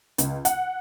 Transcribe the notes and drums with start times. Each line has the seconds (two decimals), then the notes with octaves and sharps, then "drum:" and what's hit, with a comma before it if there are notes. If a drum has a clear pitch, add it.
0.18 C#2, drum: hi-hat
0.45 F#5, drum: hi-hat